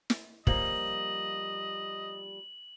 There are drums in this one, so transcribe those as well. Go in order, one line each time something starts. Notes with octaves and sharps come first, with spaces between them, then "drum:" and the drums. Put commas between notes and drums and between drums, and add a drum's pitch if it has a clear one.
drum: snare
F3 G3 A#3 D#5 F#7, drum: kick